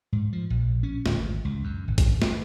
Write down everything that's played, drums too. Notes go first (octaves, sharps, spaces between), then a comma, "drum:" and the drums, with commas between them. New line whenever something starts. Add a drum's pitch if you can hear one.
G#2
F3
A#1
C#4
D1, drum: snare
G#1
C#2
F#2
G#1
drum: kick A#1, hi-hat
A3, drum: snare